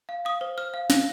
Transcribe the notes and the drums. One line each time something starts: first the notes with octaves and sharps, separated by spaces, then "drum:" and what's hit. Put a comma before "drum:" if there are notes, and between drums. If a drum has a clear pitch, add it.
F5
F5 D#6
C5
C5 F6
F5
F5 A#6, drum: snare